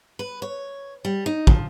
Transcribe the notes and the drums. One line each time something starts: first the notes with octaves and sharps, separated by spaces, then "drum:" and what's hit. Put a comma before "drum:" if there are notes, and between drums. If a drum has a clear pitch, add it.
B4
C#5
G3
D#4
F3, drum: kick